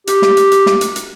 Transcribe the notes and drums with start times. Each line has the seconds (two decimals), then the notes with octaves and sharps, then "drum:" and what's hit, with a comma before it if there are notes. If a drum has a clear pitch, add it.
0.07 G4, drum: hi-hat
0.22 drum: snare
0.37 drum: hi-hat
0.52 drum: hi-hat
0.66 drum: snare
0.81 drum: hi-hat
0.96 drum: hi-hat